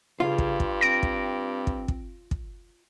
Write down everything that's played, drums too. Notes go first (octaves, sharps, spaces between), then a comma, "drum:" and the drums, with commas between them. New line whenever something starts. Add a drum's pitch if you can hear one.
G2 C#3 F4
drum: kick
drum: kick
C4 A#6 D7
drum: kick
drum: kick
drum: kick
drum: kick